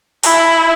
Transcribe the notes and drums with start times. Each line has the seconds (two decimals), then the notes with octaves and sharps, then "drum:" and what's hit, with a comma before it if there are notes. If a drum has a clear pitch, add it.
0.23 E4, drum: open hi-hat